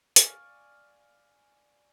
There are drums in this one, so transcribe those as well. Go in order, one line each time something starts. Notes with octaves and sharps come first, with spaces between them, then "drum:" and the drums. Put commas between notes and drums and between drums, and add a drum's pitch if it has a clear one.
D5 F5 G#5 C#6, drum: hi-hat